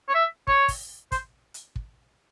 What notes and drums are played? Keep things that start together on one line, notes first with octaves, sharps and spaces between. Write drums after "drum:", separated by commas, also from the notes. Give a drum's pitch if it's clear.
C#5
E5
C#5, drum: kick
drum: kick, open hi-hat
C5, drum: kick, hi-hat
drum: hi-hat
drum: kick